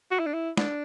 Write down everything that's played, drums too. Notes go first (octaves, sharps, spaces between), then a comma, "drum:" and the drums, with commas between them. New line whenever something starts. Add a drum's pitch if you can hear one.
F#4
E4
D4
E4
D4, drum: snare